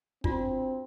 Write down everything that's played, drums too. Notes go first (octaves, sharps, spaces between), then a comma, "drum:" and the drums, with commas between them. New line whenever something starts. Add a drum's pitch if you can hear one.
C4 D4 F4 F#4, drum: kick